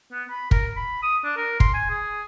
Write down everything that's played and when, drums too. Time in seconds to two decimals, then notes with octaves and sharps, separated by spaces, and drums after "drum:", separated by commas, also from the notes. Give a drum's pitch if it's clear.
0.12 B3
0.30 B5
0.51 A#4, drum: kick
0.77 B5
1.03 D#6
1.24 D4
1.37 A#4
1.60 C6, drum: kick
1.74 G#5
1.90 G#4